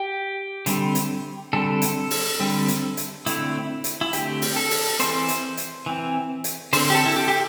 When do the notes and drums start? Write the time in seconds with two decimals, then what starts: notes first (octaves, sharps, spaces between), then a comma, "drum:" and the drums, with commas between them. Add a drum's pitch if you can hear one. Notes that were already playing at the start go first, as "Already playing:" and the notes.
Already playing: G4
0.66 D3 G3 C4, drum: hi-hat
0.95 drum: hi-hat
1.53 D3 G3 C4 A4
1.82 drum: hi-hat
2.11 drum: open hi-hat
2.40 D3 G3 C4
2.68 drum: hi-hat
2.97 drum: hi-hat
3.26 D3 A3 C4 E4, drum: hi-hat
3.84 drum: hi-hat
4.01 E4
4.13 D3 A3 C4 G4, drum: hi-hat
4.42 drum: open hi-hat
4.56 A4
4.71 drum: open hi-hat
4.99 E3 C4 C5, drum: hi-hat
5.28 drum: hi-hat
5.57 drum: hi-hat
5.86 E3 C4
6.44 drum: hi-hat
6.73 D3 C4 C5, drum: open hi-hat
6.90 G4
6.95 A4
7.06 E4
7.16 G4
7.28 G4